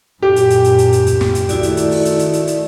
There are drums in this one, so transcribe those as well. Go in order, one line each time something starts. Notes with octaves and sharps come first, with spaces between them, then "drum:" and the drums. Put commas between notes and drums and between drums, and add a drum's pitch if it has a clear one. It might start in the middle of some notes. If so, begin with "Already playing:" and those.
F#2 A#2 G4
drum: hi-hat
drum: hi-hat
drum: hi-hat
drum: hi-hat
drum: hi-hat
drum: kick, hi-hat
drum: snare
drum: hi-hat
D#3 A3 E4 F#4 D5, drum: kick, hi-hat
drum: hi-hat
drum: hi-hat
drum: open hi-hat
drum: hi-hat
drum: hi-hat
drum: hi-hat
drum: hi-hat